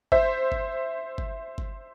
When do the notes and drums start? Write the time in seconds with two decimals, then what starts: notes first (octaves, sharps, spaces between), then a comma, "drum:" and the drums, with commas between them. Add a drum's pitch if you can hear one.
0.12 C5 E5, drum: kick G1
0.52 drum: kick G1
1.18 drum: kick G1
1.58 drum: kick G1